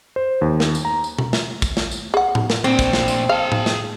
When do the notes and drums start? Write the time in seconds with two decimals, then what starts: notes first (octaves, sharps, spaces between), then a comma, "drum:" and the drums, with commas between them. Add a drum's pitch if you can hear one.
0.16 C5
0.41 D#2
0.60 drum: snare
0.75 drum: tambourine
0.85 A#5
1.04 drum: tambourine
1.18 drum: tom B2
1.33 drum: snare
1.62 drum: kick, tambourine
1.77 drum: snare
1.91 drum: tambourine
2.14 G#4 F#5
2.35 drum: tom A2
2.50 drum: snare
2.64 A#2 C4 D4
2.79 drum: kick, tambourine
2.93 drum: snare
3.08 drum: tambourine
3.29 G#4 F5 A5
3.52 drum: tom A2
3.66 drum: snare